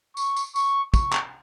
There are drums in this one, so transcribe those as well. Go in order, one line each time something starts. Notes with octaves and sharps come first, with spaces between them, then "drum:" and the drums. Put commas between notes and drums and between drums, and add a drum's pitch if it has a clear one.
C#6, drum: tambourine
drum: tambourine
C#6, drum: tambourine
C#6, drum: kick, tambourine
drum: clap